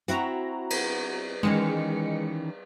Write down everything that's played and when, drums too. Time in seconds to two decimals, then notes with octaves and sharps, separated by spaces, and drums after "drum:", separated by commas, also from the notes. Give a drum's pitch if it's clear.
0.08 C4 E4 F#4 A#5, drum: hi-hat
0.70 drum: cymbal
1.43 D#3 E3 G#3 C#4 C#7